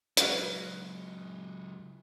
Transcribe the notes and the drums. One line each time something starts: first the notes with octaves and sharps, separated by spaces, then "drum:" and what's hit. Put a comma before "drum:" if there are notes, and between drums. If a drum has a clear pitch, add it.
C#2 F#3 F#4 B4 F5, drum: hi-hat